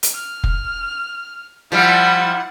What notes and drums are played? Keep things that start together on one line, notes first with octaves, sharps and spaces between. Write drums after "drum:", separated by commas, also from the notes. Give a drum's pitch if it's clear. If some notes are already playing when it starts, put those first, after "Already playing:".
drum: hi-hat
F6
drum: kick F1
F3 G3 E4 F#5